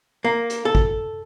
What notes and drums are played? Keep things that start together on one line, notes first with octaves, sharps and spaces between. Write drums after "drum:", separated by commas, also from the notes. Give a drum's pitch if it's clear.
A#3
drum: hi-hat
A4
drum: kick